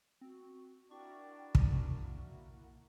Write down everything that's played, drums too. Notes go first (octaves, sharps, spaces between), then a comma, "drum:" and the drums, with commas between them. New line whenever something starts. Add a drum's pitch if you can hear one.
C4 F#4
D4 E4 F#4 A#4 G5 C#6
drum: kick
A#3